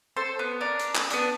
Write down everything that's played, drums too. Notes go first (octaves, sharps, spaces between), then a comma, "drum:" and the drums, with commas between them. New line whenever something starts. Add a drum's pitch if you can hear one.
A4 C5 C6
B3
D4 A#4
drum: hi-hat
drum: clap
B3 D4, drum: hi-hat